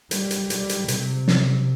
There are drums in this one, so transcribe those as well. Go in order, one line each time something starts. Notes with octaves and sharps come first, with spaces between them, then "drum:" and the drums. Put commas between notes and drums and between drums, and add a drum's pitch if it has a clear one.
G3, drum: hi-hat
drum: hi-hat
G3, drum: hi-hat
drum: hi-hat
C3, drum: hi-hat
drum: snare